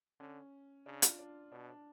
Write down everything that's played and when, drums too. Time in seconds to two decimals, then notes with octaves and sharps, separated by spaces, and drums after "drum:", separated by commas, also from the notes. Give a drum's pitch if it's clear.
0.20 D3 C#4
0.86 C#3 D4
1.02 F4, drum: hi-hat
1.19 D4
1.52 B2 D4
1.69 D4